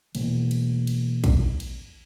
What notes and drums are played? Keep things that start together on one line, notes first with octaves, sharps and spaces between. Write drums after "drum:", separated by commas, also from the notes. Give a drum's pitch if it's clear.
B2 E3 A#3, drum: cymbal
drum: cymbal
drum: cymbal
drum: kick, cymbal
drum: cymbal